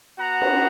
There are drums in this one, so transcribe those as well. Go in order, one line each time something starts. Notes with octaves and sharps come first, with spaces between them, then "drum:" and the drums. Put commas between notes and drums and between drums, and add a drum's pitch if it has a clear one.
B3 F#4 F#5 A#5
drum: cymbal